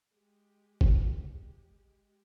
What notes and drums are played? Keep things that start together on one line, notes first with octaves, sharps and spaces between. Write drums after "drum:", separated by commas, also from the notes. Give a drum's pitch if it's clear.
G#3 G4
drum: kick G1